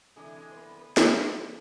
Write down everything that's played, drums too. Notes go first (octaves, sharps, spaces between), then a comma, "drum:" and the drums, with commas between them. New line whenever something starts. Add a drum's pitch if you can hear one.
C3 E3 G#3 A3 D4 G#4
G#3 G#4
C5
B3 B4
B3 B4
C3 E3 A3 B3 D4 B4, drum: snare